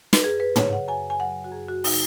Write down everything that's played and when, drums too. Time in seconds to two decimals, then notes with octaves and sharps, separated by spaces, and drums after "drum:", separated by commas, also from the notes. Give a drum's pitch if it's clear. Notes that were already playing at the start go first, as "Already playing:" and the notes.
0.13 B4, drum: snare
0.24 F#2 G#4
0.40 B4
0.56 C#3 F#3 C#5, drum: tom
0.73 F#5
0.88 F#2 G#5
1.10 G#5
1.20 C#3 F#3 F#5
1.44 F#4
1.52 F#2 G#4
1.69 F#4
1.84 C#3 F#3 D#4, drum: open hi-hat